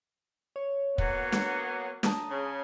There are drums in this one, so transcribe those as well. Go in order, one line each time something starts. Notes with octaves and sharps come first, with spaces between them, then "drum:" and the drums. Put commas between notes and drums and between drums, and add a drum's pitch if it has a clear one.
C#5
F#3 A#3 B3, drum: kick
drum: snare
A5 A#5 D#6, drum: snare
C#3